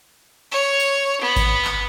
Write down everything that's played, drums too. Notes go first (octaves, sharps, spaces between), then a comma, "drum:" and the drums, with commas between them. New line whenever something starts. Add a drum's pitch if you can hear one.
C#5
drum: tambourine
B3
drum: kick G#1, tambourine
drum: clap